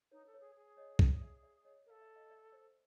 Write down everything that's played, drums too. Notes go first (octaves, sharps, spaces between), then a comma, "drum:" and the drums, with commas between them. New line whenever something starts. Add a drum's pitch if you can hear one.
D#4 B4 C#5
A4
B4 C#5
G#4
G#4
C#5 D#5
D5 E5, drum: kick
D5 E5
D5 E5
C#5 D#5
A#4
A4 F5
D5 E5
D#5 F5
D5 E5
C5 D5